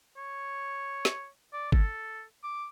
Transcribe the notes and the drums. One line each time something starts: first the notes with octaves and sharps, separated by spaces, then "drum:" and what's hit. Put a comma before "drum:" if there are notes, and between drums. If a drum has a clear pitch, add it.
C#5
drum: snare
D5
A4, drum: kick G1
D6